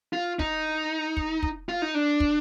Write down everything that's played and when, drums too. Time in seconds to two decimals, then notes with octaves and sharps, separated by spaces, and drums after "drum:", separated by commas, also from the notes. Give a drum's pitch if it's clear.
0.13 F4
0.39 D#4, drum: kick
1.17 drum: kick
1.43 drum: kick
1.69 F4
1.82 D#4
1.95 D4
2.20 drum: kick